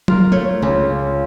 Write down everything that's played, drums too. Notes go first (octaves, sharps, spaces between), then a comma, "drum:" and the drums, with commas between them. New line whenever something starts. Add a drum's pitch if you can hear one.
F4 A#4, drum: tom F#3
A3 C#5
C#2 C#3